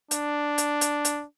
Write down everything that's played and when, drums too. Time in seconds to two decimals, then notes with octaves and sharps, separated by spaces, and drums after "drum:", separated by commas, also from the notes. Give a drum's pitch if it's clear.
0.11 D4, drum: hi-hat
0.58 drum: hi-hat
0.81 drum: hi-hat
1.05 drum: hi-hat